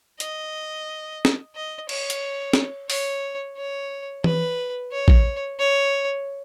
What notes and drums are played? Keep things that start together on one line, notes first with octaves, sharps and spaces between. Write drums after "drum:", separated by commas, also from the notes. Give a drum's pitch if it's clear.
D#5, drum: hi-hat
drum: snare
D#5
C#5, drum: cymbal
drum: hi-hat
drum: snare
C#5, drum: open hi-hat
C#5
B4, drum: tom E3
C#5
drum: kick
C#5